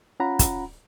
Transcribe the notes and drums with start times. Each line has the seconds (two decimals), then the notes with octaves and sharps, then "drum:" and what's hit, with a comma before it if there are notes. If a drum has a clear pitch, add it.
0.20 C#4 F4 F#5 A#5 B5
0.39 drum: kick, hi-hat